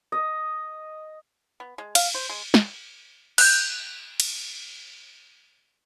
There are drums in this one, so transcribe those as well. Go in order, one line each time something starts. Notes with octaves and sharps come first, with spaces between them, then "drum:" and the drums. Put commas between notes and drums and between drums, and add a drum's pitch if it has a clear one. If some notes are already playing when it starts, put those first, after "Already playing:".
D#5
B3
G#3
F5, drum: cymbal
C5
G#3
drum: snare
F#6 G6, drum: cymbal
drum: cymbal